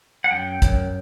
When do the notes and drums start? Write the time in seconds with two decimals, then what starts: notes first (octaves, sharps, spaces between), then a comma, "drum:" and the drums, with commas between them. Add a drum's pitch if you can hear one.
0.24 F#5
0.31 F#2 G5
0.62 F#2, drum: kick, hi-hat